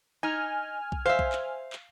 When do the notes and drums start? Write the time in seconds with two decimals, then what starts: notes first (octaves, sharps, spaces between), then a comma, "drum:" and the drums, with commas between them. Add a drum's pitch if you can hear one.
0.23 D#4 G#5 F6
0.92 drum: kick B1
1.06 C5 E5 F5
1.19 drum: kick B1
1.32 drum: clap
1.73 drum: clap